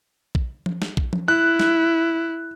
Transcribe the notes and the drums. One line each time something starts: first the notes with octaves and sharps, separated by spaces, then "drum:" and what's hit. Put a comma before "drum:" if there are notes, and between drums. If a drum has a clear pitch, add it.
drum: kick A#1
drum: tom F3
drum: snare
drum: kick A#1
drum: tom F3
E4 F#6
drum: snare